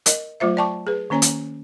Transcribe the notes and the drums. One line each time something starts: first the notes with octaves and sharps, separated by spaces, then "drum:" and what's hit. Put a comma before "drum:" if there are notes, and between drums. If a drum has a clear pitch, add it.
A#4 D#5, drum: hi-hat
F#3 A3 F4 C5 E5
D5 G5 A5 C#6 D6
G#4 B4
D#3 A#3 C#4 C#5 G#5 A#5
drum: hi-hat